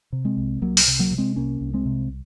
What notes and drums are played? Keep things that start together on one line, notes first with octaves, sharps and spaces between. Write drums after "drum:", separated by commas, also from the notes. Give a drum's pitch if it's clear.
C3
G#3 C4
C2
C2 F#3 A#3
drum: open hi-hat
C3
F#3 A#3
C3
G#3 C4
C2 A#3 C#4
C2
G#3 C4
C3